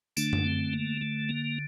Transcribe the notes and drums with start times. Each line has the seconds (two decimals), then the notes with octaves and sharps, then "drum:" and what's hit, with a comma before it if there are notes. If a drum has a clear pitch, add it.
0.17 D3 A3 D4, drum: tambourine
0.33 drum: tom F#2
0.45 C4
0.73 A#3
1.01 A3
1.29 A#3